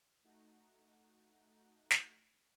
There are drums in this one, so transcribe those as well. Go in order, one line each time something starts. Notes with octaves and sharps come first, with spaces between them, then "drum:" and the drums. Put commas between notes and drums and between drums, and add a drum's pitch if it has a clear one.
A3 D#4 F#4
drum: snare